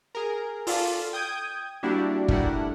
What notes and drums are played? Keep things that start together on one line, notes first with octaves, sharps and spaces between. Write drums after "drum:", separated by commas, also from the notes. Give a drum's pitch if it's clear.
G#4 A#4
F4 A4 D5 F5, drum: open hi-hat
G5 D#6 G6 G#6
G3 A#3 D4 E4 F#4 G4
G3 A3 D4 E4 A#4 F#5, drum: kick